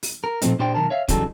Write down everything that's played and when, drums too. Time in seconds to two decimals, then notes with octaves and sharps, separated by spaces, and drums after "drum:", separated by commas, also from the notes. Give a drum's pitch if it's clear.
0.03 drum: open hi-hat
0.24 A#4
0.42 A#2 F3 A3 C4 D#4, drum: hi-hat
0.59 A#2 D4 G4 C5 D5 G5
0.74 B1 D#3 A#4 A5
0.90 C#5 E5 F5
1.08 C#3 E3 F#3 G3 D#4 A4, drum: kick, hi-hat